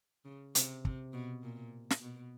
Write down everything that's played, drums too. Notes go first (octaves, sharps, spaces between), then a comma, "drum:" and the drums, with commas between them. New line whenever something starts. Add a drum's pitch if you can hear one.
C#3
C3, drum: hi-hat
C3, drum: kick
B2
A#2
drum: snare
B2